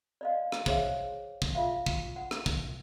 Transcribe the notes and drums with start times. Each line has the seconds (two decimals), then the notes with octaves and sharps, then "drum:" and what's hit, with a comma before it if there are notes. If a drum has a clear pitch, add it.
0.21 D5 D#5 F5
0.52 drum: rim click
0.66 G#4 C5 C#5 E5 F5, drum: kick
1.42 drum: kick
1.55 F4 E5 F5
1.86 drum: kick
2.16 F#5
2.31 drum: rim click
2.46 drum: kick